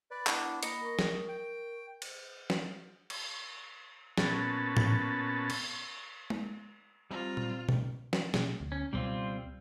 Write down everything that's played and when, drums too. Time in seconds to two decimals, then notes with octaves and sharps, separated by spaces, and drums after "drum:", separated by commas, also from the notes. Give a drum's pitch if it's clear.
0.11 B4 D5
0.27 B3 D4 E4 C#6, drum: clap
0.63 A#3 D#5 B5, drum: hi-hat
0.81 A#4 C#6
0.99 drum: snare
1.29 G5
2.02 drum: cymbal
2.50 drum: snare
3.10 drum: cymbal
4.18 A#2 B3 C#4 A5, drum: snare
4.77 drum: tom A2
5.50 drum: cymbal
6.30 drum: tom G#3
7.11 G3 C4 F4 A#5
7.37 drum: tom A#2
7.69 drum: tom B2
8.13 drum: snare
8.34 B2 A#3 C#4, drum: snare
8.60 D2
8.72 C#4
8.93 C#2 B2 G3 B3 C4 F4